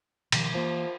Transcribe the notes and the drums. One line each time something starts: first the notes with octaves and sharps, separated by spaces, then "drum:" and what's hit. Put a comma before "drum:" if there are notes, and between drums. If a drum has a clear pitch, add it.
B2 D#3 F3, drum: cymbal
E3 F3 A#3